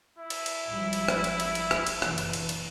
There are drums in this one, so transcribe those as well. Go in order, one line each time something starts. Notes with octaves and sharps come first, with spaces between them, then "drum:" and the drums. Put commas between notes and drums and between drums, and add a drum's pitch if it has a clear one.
E4
drum: cymbal
drum: cymbal
G#1 F3 G3
drum: cymbal
drum: rim click
drum: cymbal
drum: cymbal
drum: cymbal
drum: rim click
drum: cymbal
F#1 B2 E3, drum: rim click
drum: cymbal
drum: cymbal
drum: cymbal